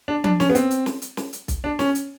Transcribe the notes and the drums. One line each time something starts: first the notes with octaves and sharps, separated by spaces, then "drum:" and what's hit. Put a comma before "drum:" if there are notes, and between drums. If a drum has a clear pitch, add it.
D4
D4, drum: tom F3
C#4, drum: snare
B3
C4, drum: hi-hat
drum: hi-hat
drum: snare
drum: hi-hat
drum: snare
drum: hi-hat
drum: kick B1, hi-hat
D4
C#4, drum: snare
drum: hi-hat